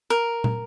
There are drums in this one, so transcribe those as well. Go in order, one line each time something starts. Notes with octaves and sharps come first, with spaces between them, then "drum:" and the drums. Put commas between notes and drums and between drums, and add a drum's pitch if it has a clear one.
A#4
drum: tom